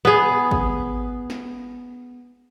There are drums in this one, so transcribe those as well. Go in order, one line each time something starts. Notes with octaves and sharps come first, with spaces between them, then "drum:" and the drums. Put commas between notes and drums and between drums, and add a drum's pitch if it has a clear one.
B3 G#4
drum: kick G#1
drum: snare